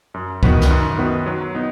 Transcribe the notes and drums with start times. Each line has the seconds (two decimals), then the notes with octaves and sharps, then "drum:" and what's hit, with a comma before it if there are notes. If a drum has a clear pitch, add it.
0.14 F#2
0.43 D#3 B3 F#4 B4, drum: kick C2
0.61 drum: snare
0.70 F#2
0.99 D#3 B3 F#4 B4
1.26 F#3
1.55 B3 D#4